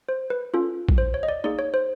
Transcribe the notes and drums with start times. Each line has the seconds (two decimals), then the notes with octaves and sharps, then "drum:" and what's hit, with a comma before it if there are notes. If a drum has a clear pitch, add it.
0.09 C5
0.30 B4
0.54 C#4 F4 A4
0.89 drum: kick A#1
0.98 C5
1.14 C#5
1.23 D#5
1.28 D5
1.44 A#3 D#4 G#4 D5
1.59 C#5
1.74 C5